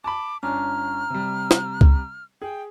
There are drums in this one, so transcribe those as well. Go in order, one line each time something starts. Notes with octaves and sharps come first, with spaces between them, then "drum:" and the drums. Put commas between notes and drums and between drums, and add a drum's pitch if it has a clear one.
A5 B5 D6
G1 C#4 D4 A#5 F6
C3 G3
drum: snare
drum: kick C#2
G#4 G5